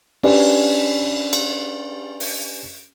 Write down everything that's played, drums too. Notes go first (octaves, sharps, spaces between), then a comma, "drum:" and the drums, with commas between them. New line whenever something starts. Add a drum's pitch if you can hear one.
C#4 D4 G4 B4 D5, drum: cymbal
drum: cymbal
drum: open hi-hat